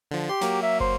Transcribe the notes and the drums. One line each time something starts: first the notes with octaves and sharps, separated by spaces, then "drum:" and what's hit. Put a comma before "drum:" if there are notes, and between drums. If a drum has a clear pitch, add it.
D3 F3
G4 C6
F#3 A#3, drum: snare
E5
C5, drum: kick